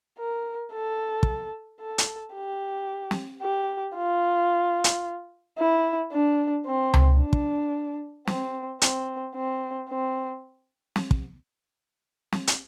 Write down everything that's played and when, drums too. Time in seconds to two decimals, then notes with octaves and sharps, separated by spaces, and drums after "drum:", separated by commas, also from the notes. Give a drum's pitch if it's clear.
0.18 A#4
0.73 A4
1.23 drum: kick
1.80 A4
1.98 drum: hi-hat
2.34 G4
3.11 drum: snare
3.42 G4
3.96 F4
4.84 drum: hi-hat
5.58 E4
6.12 D4
6.66 C4
6.94 drum: tom C#2
7.20 D4
7.33 drum: kick
8.27 C4, drum: snare
8.82 C4, drum: hi-hat
9.36 C4
9.89 C4
10.96 drum: snare
11.11 drum: kick
12.32 drum: snare
12.47 drum: hi-hat